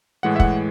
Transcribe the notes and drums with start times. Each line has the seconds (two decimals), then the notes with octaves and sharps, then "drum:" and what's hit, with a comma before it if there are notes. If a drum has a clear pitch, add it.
0.23 A2 E3 G#3 F#5
0.36 E5
0.40 F#5, drum: kick